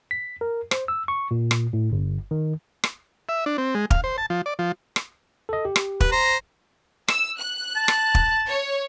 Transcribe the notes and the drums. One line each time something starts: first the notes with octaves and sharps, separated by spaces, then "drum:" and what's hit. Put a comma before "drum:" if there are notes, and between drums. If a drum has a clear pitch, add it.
B6
A#4
C5, drum: rim click
E6
C#6
A#2
drum: rim click
A2
G1
D#3
drum: rim click
E5
D4
C4
G#3
F5, drum: kick
C5
A5
F3
D5
F3
drum: rim click
A4 D#5
G4
drum: rim click
B4, drum: kick
C5 A#5
E6, drum: rim click
F#6
A5
drum: rim click
drum: kick
C#5